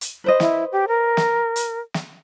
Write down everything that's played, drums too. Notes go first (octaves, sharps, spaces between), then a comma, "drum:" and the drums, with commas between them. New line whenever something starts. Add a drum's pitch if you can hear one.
drum: hi-hat
B4 C5 D#5
E4, drum: snare
G4
A#4
drum: snare
drum: hi-hat
drum: snare